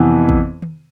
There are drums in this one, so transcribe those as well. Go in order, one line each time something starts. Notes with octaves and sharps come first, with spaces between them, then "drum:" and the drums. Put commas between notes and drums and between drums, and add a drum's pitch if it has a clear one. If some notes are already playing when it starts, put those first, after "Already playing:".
Already playing: F2 C3 E3 B3
drum: kick
drum: tom D#3